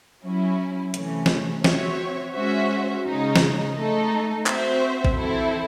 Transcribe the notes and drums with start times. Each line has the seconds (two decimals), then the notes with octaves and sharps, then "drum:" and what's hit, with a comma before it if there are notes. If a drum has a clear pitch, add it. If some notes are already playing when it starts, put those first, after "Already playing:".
0.24 F#3 C#4 E4
0.94 C3 E3 A3 C#4, drum: hi-hat
1.26 drum: snare
1.64 C4 F#4 C#5 E5, drum: snare
2.35 G#3 C#4 F#4 C5 E5
3.05 C#3 G#3 D#4
3.36 drum: snare
3.76 A3 D#4 A4
4.46 C4 F#4 C5 E5, drum: clap
5.05 drum: kick A1
5.17 E3 C4 E4 A4